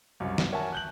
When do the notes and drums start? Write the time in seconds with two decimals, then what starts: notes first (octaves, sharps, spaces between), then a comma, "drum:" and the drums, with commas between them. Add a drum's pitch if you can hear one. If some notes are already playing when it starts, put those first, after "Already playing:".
0.20 C2 F#2
0.38 drum: snare
0.52 A#4 C#5 E5 F#5 G#5 A5
0.72 F#6 G6 F#7